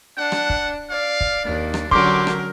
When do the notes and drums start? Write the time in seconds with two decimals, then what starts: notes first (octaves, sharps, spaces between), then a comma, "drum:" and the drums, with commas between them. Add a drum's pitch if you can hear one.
0.18 D4 F#5
0.32 drum: rim click
0.50 drum: kick
0.90 D5 F5
1.21 drum: kick
1.45 D#2 D4
1.74 drum: rim click
1.91 D3 F#3 C#4 G4 A#4 C6 D6, drum: kick
2.27 drum: rim click